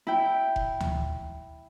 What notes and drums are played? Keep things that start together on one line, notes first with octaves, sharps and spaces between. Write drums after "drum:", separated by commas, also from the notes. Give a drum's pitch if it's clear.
E4 G5
drum: kick F1
drum: tom D2